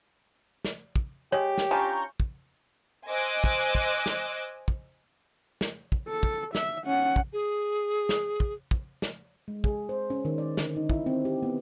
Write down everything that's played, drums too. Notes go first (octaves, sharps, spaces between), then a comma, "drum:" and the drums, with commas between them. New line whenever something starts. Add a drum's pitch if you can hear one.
drum: snare
drum: kick
G#3 G4 C#5
drum: snare
C#4 D4 F4 A#5 C#6 G6
drum: kick
C5 D#5 G#5 D6 E6 F#6
drum: kick
drum: kick
drum: snare
drum: kick
drum: snare
drum: kick
A4
drum: kick
E5, drum: snare
C#4 F#5
drum: kick
G#4
drum: snare
drum: kick
drum: kick
drum: snare
G#3
G#4, drum: kick
C5
C#4
D#3
D5
D3, drum: snare
D#4
E4, drum: kick
C4
G4
B3